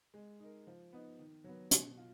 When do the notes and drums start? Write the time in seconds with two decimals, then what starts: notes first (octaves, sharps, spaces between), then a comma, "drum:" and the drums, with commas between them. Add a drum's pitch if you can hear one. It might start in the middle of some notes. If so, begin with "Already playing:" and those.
0.14 G#3
0.40 D#4 A#4
0.67 F3
0.93 B3 D#4
1.19 D#3
1.44 F#3 B3
1.71 B2, drum: hi-hat
1.97 F4